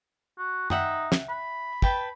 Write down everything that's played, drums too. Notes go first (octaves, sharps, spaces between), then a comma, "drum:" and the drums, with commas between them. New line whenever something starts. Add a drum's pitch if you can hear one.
F#4
D#4 E5 F#5 G5, drum: tom F#2
drum: snare
B5
B4 G5 A5, drum: kick